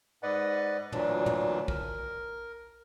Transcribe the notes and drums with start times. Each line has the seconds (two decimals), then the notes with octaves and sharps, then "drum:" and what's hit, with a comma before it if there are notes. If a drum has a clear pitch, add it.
0.23 G#2 B4 D5 D#5 F#5
0.92 D2 A#2 E3 F#3 D4, drum: tom
1.26 drum: tom
1.68 A#4, drum: kick B1